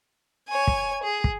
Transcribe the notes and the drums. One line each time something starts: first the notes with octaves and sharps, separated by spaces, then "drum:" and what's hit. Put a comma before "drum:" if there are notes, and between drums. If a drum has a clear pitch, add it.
C#5 G#5
drum: kick
G#4
drum: kick